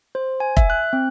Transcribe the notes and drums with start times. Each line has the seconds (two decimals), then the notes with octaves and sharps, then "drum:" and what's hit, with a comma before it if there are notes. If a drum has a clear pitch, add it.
0.15 C5
0.40 G#5
0.57 E5, drum: kick F1
0.70 F#6
0.93 C4